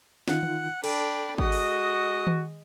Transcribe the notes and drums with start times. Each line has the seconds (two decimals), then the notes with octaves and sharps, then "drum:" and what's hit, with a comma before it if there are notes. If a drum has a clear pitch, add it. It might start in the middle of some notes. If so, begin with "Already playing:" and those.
0.28 D#3 D#4 F4 F#5, drum: snare
0.43 drum: tom D#3
0.84 D4 A4 G5 B5, drum: cymbal
1.38 G#3 F#4 D#5 D#6, drum: kick
1.52 drum: open hi-hat
2.27 drum: tom D#3